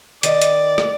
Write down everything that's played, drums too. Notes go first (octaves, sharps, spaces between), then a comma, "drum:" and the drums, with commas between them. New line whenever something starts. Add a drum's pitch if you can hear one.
D#3 D5 D#5, drum: hi-hat
drum: hi-hat
drum: rim click